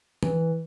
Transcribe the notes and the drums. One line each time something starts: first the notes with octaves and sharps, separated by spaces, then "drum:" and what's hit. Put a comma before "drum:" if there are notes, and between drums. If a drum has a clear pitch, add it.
E3, drum: tom